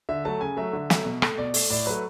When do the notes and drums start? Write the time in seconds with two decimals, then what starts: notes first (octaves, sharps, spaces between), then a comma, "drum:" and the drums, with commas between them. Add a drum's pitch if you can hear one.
0.09 D3 E5
0.25 F#3 A3 A5
0.41 C#3 G#5
0.57 F#3 A3 E5
0.73 D3
0.90 F#3 A3, drum: snare
1.05 B2
1.22 A3, drum: rim click
1.38 B2 D5
1.54 A3, drum: open hi-hat
1.70 A2 D5
1.86 F#3 A3 B4